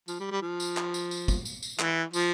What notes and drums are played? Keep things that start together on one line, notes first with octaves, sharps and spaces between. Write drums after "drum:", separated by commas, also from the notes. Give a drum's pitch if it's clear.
F3, drum: tambourine
G3
G3
F3
drum: tambourine
drum: clap
drum: tambourine
drum: tambourine
drum: kick, tambourine
drum: tambourine
drum: tambourine
E3, drum: clap
F3, drum: tambourine